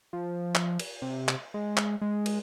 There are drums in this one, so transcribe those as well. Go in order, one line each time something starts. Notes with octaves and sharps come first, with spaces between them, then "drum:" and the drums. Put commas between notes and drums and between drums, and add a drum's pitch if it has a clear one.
F3
drum: clap
drum: cymbal
C3
drum: clap
G#3
drum: clap
G#3
drum: cymbal